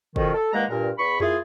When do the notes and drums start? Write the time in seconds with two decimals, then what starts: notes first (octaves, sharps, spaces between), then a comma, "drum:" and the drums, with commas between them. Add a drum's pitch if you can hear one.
0.16 F2 B2 D#3, drum: kick
0.34 A4
0.53 G2 D#3 G#3 A#3 F#5 A#5
0.69 G2 A#2 A#4
0.98 E2 B5 C#6
1.20 A#3 E4 F4 G#4, drum: tom F2